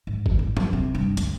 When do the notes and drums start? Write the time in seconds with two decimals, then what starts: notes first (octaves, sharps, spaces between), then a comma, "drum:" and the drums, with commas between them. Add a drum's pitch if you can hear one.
0.07 G#2
0.26 drum: kick G1
0.39 A1
0.57 F#3, drum: tom F#2
0.73 C3
0.94 G2
1.17 D2, drum: hi-hat